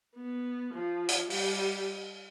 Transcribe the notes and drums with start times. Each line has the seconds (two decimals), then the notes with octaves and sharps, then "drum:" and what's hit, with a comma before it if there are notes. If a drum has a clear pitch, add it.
0.16 B3
0.74 F3
1.08 drum: hi-hat
1.30 G3, drum: open hi-hat